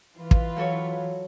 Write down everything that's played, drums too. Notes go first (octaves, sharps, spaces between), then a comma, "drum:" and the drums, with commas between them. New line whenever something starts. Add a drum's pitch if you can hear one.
E3 F4 B4
drum: kick
F#3 A4 C#5